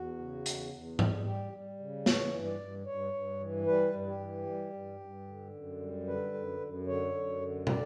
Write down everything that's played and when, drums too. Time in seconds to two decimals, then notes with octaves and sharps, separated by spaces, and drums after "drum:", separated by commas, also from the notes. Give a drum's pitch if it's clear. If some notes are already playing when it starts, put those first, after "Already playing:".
Already playing: E2 F#4
0.18 C#3
0.46 E2, drum: hi-hat
0.72 E2
0.99 G3, drum: tom G#2
1.26 G3 G4
1.53 G3
1.80 C#3
2.06 E3 C#5, drum: snare
2.33 G2
2.46 D5
2.60 G2
2.86 G2 C#5
3.13 G2
3.40 E3
3.66 G3 B4
3.94 G2
4.07 G4
4.20 E3
4.46 G3
4.73 G2
5.00 G2
5.27 D3
5.54 F#2
5.80 G3
6.07 D3 B4
6.34 F#2
6.60 F#2
6.87 D3 C#5
7.14 F#2
7.41 D3
7.67 D3 D5, drum: tom